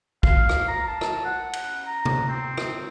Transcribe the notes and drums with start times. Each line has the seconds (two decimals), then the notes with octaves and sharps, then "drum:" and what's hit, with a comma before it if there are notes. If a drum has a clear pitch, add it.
0.23 F5, drum: kick
0.49 drum: rim click
0.68 A#5
0.88 A5
1.01 drum: rim click
1.25 F#5
1.53 drum: cymbal
1.86 A#5
2.05 drum: tom C3
2.28 C4
2.57 drum: rim click